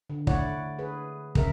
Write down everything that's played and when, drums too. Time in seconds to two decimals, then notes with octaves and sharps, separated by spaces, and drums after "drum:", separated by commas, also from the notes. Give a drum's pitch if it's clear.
0.10 D3
0.27 A3 E4 C#5 D5 F#5, drum: kick
0.79 G#4 B4
1.35 C#3 A#4 E5, drum: kick